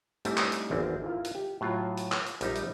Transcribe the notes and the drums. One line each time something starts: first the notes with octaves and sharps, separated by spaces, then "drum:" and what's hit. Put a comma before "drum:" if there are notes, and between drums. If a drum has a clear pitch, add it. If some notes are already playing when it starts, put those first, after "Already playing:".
G#2 G3 A3 C4 D4 E4, drum: hi-hat
drum: clap
drum: hi-hat
G#1 E2 A#3 C4 D4
E4 F4 A#4
drum: hi-hat
G4
A2 F#3 F4
drum: hi-hat
drum: clap
drum: hi-hat
A#1 G3 D#4 E5 A#5, drum: hi-hat
drum: hi-hat